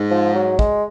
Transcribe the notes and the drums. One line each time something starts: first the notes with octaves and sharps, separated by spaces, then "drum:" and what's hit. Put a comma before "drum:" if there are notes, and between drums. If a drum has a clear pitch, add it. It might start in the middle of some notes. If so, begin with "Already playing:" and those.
Already playing: G#2
F3
F#3
G#3, drum: kick